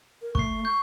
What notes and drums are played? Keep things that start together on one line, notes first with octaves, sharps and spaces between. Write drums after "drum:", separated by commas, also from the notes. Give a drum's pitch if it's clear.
A#4
A3 C#6 C7, drum: kick
C#6 G6